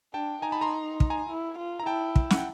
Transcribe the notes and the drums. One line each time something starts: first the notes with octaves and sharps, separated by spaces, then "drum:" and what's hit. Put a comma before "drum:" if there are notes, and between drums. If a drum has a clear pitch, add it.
D4 G5 A5
D#4 G#5 A#5
A5 B5
A#5 C6
drum: kick
G#5 A#5
E4
F4
A#5
E4 G5 A5
drum: kick
F#5, drum: snare
G5